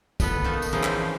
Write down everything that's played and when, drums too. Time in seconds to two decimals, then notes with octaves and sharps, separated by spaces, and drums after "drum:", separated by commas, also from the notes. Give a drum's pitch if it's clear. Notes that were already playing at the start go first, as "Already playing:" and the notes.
0.20 B2 B3 A4 B4, drum: kick, tambourine
0.44 D#3 A#3 D#4 A5
0.62 drum: tambourine
0.72 E3 F3 G#3 C4 C#4 D#4
0.83 drum: clap